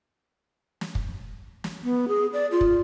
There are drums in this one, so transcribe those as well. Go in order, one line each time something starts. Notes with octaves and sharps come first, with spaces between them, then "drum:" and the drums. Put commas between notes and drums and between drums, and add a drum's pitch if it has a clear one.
drum: snare
drum: kick
drum: snare
B3
G#4
D5
F4
drum: kick